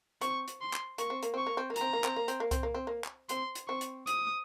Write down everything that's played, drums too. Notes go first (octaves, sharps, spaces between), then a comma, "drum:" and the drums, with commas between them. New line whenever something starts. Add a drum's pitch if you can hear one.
C4 C#6, drum: hi-hat
drum: hi-hat
C6
drum: clap
A#3 C#6, drum: hi-hat
C4
A#3, drum: hi-hat
C4 C#6
A#3
C4
A#3
A#5, drum: hi-hat
C4
A#3
C4, drum: clap
A#3
C4, drum: hi-hat
A#3
C4, drum: kick C2, hi-hat
A#3
C4
A#3
drum: clap
C4 C6, drum: hi-hat
drum: hi-hat
C4 C#6
drum: hi-hat
D#6, drum: hi-hat